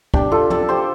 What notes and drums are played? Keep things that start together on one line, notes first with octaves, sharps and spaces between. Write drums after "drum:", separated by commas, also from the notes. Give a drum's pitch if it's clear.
D4 G4, drum: kick
F4 A4
A4 D5, drum: tom F3
G4 C5